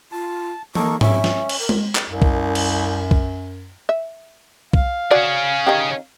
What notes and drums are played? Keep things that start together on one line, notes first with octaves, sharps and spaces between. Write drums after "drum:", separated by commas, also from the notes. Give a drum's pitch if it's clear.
F4 A5
A#3 D#4 A4 C#6, drum: tom E3
C#4 E5, drum: tom G#2
drum: snare
drum: cymbal
A#4
drum: tom G#3
drum: clap
C2 F#2
drum: kick B1
drum: cymbal
drum: kick B1
E5
F5, drum: kick B1
C#4 F#4 G#4 D5
D#3 D#4 G4